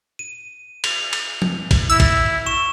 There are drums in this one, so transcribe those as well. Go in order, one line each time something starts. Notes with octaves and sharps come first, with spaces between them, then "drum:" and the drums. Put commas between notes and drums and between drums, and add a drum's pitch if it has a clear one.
D#7
F7, drum: cymbal
drum: cymbal
drum: tom
drum: kick, cymbal
E4 E6
drum: kick, cymbal
C#6 E7